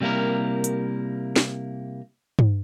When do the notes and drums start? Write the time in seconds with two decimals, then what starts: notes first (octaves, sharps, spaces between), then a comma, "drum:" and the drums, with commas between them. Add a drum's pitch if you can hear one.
0.01 C3 G3 A#3 E4 A#4
0.64 drum: hi-hat
1.36 drum: snare
2.39 drum: tom G2